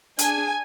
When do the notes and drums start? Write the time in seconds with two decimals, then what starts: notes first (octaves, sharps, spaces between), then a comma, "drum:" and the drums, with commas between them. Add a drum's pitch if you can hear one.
0.19 D4 G#4 G#5, drum: hi-hat